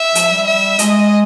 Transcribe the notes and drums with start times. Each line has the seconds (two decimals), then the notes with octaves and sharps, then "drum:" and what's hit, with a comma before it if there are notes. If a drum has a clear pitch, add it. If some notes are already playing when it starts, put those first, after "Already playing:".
Already playing: E5
0.15 F3, drum: hi-hat
0.32 G3
0.47 E5
0.79 G#3 D#5, drum: hi-hat